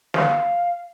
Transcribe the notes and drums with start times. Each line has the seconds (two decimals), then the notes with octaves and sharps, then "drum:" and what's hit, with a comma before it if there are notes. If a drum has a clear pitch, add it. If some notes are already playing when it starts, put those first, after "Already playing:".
0.14 F5, drum: snare